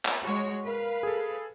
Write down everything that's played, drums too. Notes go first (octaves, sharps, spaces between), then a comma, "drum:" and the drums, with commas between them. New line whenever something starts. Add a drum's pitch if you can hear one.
drum: clap
G#3 F#4 C#5
A#4 B4 F5
G#4 A4